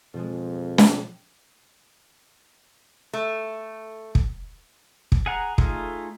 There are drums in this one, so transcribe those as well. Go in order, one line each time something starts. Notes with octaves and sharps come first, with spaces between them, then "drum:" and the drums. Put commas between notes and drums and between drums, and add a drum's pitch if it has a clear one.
F2 B2 F3 G#3
drum: snare
A3
drum: kick
drum: kick
G#4 F#5 A#5
A3 D#4 F4 G#4 A4, drum: kick